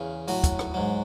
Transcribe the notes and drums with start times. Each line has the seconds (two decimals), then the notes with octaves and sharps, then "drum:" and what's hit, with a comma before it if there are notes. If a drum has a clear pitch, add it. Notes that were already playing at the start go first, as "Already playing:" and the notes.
Already playing: E2 C#3
0.28 A2 F#3 F#4, drum: open hi-hat
0.44 drum: kick, hi-hat
0.59 drum: rim click
0.74 G#2 F#3